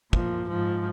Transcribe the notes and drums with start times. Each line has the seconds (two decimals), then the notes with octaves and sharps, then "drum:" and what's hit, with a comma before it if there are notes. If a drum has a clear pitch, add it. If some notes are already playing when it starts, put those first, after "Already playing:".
0.13 A#2 F3, drum: kick
0.49 G#2 F3